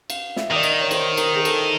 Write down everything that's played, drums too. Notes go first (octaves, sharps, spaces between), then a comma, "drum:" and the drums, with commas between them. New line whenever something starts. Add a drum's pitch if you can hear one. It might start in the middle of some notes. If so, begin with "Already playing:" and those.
F5, drum: cymbal
E5, drum: snare
D#3 D5
D#5, drum: cymbal
C#5
C5, drum: cymbal
A#4, drum: cymbal
G#4
A4, drum: cymbal